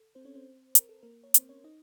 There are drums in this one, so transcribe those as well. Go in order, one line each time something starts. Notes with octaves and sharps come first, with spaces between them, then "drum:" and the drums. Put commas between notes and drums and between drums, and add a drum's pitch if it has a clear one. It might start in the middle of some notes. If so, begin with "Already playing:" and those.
Already playing: A4
C4 C5
C#4 C#5
C4 C5
A#4, drum: hi-hat
A4
A#3 A#4
C#5
C4 C5, drum: hi-hat
C#4 C#5
D#4 D#5